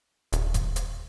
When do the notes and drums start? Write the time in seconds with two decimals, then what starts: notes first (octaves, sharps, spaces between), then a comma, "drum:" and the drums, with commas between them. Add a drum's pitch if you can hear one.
0.32 D#1, drum: hi-hat
0.54 drum: kick G1, hi-hat
0.76 drum: hi-hat